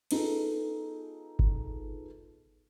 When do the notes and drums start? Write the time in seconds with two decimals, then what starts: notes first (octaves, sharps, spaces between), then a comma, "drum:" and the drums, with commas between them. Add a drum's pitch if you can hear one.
0.11 B3 D#4 F4 G#4 A4, drum: cymbal
1.39 drum: kick G1